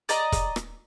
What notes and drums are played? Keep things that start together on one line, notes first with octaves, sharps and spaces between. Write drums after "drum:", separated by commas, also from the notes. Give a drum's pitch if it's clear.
D5 D#5 A#5, drum: hi-hat
drum: kick, hi-hat
drum: rim click